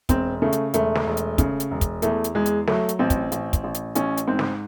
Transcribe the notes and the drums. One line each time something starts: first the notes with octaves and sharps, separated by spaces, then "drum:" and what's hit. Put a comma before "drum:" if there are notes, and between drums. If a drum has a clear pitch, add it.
E1 C4, drum: kick, hi-hat
C#3 A3
drum: hi-hat
E1 A3, drum: hi-hat
drum: snare
E1
drum: hi-hat
C#3, drum: kick, hi-hat
drum: hi-hat
E1
drum: kick, hi-hat
E2 A3, drum: hi-hat
drum: hi-hat
E2 G#3
drum: hi-hat
F#3 A3, drum: snare
drum: hi-hat
A1 C4
drum: kick, hi-hat
A1, drum: hi-hat
drum: kick, hi-hat
A1
drum: hi-hat
A1 C#4, drum: hi-hat
drum: hi-hat
G#2 C4
drum: snare